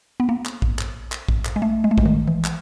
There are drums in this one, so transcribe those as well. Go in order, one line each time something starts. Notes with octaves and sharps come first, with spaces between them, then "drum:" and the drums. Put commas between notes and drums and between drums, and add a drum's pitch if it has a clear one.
B3
A#3
drum: clap
drum: kick
drum: clap
drum: clap
drum: kick
drum: clap
G#3
A3
G#3
A3
G#3, drum: kick
D#3
E3
drum: clap